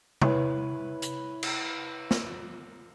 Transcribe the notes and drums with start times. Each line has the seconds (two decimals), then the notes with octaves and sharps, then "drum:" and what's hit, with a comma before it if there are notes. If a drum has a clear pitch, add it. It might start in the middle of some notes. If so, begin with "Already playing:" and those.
0.22 E4 B4 C#5, drum: tom
1.02 drum: hi-hat
1.43 drum: cymbal
2.11 drum: snare